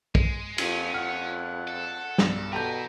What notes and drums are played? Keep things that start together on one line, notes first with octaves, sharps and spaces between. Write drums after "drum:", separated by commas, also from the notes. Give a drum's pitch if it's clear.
G#3, drum: kick
F2 C#4, drum: cymbal
F2 F#5 F6
A4
B1 G2 A#6, drum: snare
B2 E4 G4 A4 B4 A#5 G6